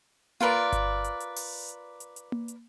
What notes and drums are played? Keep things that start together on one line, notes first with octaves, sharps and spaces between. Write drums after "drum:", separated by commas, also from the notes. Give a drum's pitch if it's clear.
F4 A#4 B4 D5, drum: tom A#3
drum: kick G1, hi-hat
drum: hi-hat
drum: hi-hat
drum: open hi-hat
drum: hi-hat
drum: hi-hat
drum: hi-hat
drum: tom A#3
drum: hi-hat